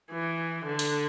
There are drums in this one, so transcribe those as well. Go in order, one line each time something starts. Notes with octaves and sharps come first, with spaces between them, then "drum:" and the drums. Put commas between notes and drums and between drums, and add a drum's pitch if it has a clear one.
E3
D3
drum: open hi-hat